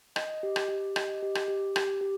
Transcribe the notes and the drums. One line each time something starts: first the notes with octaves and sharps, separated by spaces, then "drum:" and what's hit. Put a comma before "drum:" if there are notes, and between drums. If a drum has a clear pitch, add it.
D#5, drum: rim click
G4
drum: rim click
G4
D#5, drum: rim click
G4
drum: rim click
G4
G4, drum: rim click
G4